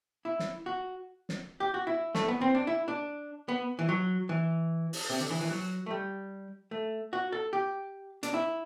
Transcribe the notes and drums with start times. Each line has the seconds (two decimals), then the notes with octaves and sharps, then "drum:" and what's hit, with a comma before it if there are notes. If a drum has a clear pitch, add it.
0.25 E4
0.39 drum: snare
0.66 F#4
1.29 drum: snare
1.60 G4
1.74 F#4
1.87 E4
2.15 A3, drum: snare
2.28 B3
2.41 C4
2.55 D4
2.67 E4
2.88 D4
3.48 B3
3.79 E3
3.89 F#3
4.29 E3
4.93 drum: open hi-hat
5.10 C3
5.20 D3
5.30 E3
5.41 E3
5.51 F#3
5.86 A3
5.91 G3
6.71 A3
7.13 F#4
7.32 A4
7.53 G4
8.23 D4, drum: hi-hat
8.34 E4